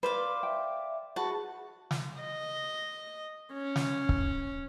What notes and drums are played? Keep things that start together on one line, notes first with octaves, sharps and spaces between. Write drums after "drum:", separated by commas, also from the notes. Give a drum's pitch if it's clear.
B4 C5 D5 F5
E5 G5
F#4 G#4 B4 A5
drum: snare
D#5
C#4
drum: snare
drum: kick C#1